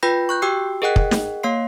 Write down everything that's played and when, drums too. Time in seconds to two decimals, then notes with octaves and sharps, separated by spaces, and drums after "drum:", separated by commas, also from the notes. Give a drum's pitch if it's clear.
0.03 F4 B4 G5 B5 G6 A#6
0.29 C#6 F#6 G6
0.42 F#4 G4 G5 D6 E6 C7
0.82 G#4 A#4 D#5 F#5 G5 F#6
0.96 drum: kick
1.11 drum: snare
1.43 A#3 C#5 F5 C6 C7